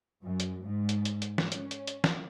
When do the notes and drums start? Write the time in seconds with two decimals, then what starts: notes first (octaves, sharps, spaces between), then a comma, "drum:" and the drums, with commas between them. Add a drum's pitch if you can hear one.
0.23 F#2
0.40 drum: hi-hat
0.64 G#2
0.89 drum: hi-hat
1.05 drum: hi-hat
1.22 drum: hi-hat
1.38 drum: snare
1.52 C#4, drum: hi-hat
1.71 drum: hi-hat
1.87 drum: hi-hat
2.04 drum: snare